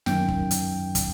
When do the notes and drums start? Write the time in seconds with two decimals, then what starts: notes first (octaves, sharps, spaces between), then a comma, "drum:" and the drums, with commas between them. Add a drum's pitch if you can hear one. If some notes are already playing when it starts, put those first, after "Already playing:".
0.06 F#2 D#3 G5, drum: snare
0.28 drum: kick
0.51 drum: hi-hat
0.95 drum: kick, hi-hat